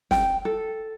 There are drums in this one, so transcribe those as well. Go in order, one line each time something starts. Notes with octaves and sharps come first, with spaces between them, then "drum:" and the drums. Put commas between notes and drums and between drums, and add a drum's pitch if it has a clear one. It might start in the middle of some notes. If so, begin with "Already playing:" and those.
G5, drum: snare
A4